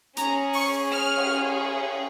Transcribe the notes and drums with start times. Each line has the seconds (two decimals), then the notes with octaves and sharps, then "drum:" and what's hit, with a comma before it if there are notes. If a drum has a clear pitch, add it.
0.17 C#4 G#4 A#5, drum: hi-hat
0.53 C#6, drum: open hi-hat
0.89 F6
1.17 drum: cymbal